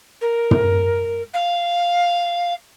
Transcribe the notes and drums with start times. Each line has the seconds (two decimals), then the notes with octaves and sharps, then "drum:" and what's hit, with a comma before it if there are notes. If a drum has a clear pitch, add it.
0.21 A#4
0.51 drum: tom
1.34 F5